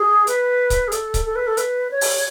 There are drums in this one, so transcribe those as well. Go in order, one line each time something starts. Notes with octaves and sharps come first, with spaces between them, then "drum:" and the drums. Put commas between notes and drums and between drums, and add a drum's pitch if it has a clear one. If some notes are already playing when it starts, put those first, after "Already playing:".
Already playing: G#4
B4, drum: hi-hat
drum: kick C#1, hi-hat
G#4
A4, drum: hi-hat
drum: kick C#1, hi-hat
A4
B4
A4
B4, drum: hi-hat
C#5
drum: open hi-hat